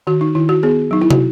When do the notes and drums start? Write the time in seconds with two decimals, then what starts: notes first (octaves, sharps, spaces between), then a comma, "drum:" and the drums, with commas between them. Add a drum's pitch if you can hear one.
0.07 D#3 F#4
0.21 D#4
0.35 D#3 E4
0.49 F#4
0.63 B3 G#4
0.91 F#3 D#4
1.02 E4
1.10 F#4, drum: tom